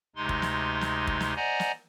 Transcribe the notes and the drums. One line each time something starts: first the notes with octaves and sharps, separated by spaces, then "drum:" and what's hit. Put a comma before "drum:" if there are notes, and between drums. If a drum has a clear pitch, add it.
D2 C3 G#3 D#4 C6
drum: kick
drum: snare
drum: snare
drum: kick
drum: snare
C5 D5 D#5 F#5 G#5 A#5
drum: snare